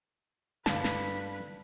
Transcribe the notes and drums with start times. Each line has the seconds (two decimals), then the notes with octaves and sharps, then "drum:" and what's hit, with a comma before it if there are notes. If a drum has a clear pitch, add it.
0.66 G2 D3 B4 F5 A5, drum: snare
0.84 drum: snare